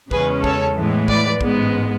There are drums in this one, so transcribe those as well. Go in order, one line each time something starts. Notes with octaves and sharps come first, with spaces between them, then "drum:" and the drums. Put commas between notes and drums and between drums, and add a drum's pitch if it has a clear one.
E2 C#3 G#3 C#4 G#4 B4, drum: kick
A4 C#5, drum: kick
A2 E3 G#3 B3
B4 D5, drum: kick
A1 G#2 G#3 B3, drum: kick